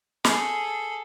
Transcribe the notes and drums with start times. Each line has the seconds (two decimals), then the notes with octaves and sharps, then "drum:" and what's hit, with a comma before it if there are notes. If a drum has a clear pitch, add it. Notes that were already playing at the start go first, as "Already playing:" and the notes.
0.24 G#4 A4, drum: snare